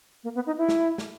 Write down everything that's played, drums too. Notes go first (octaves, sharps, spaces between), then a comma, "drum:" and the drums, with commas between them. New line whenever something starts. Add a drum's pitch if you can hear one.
A#3
B3
D#4
E4
drum: snare
drum: snare